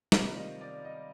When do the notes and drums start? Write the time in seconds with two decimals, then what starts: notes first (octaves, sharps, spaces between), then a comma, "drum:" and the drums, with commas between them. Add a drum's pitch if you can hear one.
0.12 C3 D#3 G3 C4 F4 F5, drum: snare
0.37 D#5
0.61 D5
0.79 D5
0.85 D#5